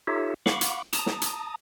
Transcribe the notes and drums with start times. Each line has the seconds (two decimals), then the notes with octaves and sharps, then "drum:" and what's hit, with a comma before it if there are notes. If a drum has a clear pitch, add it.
0.07 D#4 F4 G4 A4 C#5 E5
0.46 F5 F#5 B5 C#6 D6, drum: snare
0.61 drum: hi-hat
0.93 A5 A#5 D#6, drum: hi-hat
1.06 drum: snare
1.22 drum: hi-hat